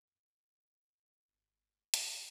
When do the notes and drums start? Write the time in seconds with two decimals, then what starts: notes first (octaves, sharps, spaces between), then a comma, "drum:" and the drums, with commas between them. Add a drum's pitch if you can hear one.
0.07 F#2
1.28 G#1
1.94 drum: hi-hat
2.04 D3